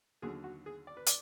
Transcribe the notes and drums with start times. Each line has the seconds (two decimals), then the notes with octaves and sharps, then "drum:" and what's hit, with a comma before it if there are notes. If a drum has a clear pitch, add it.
0.22 D#2 D3 F#3 G#4
0.44 F#4
0.66 G#4
0.87 D5
0.97 B4
1.06 D5, drum: hi-hat